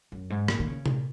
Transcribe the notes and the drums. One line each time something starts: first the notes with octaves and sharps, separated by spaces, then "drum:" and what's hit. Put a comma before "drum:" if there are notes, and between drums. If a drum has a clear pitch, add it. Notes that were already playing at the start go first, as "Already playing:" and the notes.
F#2
G#2
A#2, drum: rim click
D#3
C#3
A#2, drum: tom C3